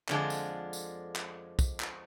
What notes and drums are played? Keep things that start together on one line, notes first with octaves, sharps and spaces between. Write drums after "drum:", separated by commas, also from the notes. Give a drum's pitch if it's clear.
F2 D3 F3 G#3 D4, drum: clap
drum: tambourine
drum: tambourine
drum: clap
drum: kick, tambourine
drum: clap